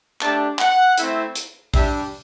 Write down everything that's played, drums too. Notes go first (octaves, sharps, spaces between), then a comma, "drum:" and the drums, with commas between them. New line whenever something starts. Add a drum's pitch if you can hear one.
A3 D4 G4 A5, drum: clap
F#5, drum: clap
A3 C4 E4, drum: hi-hat
drum: hi-hat
G3 D4 G4 E5, drum: kick A#1, open hi-hat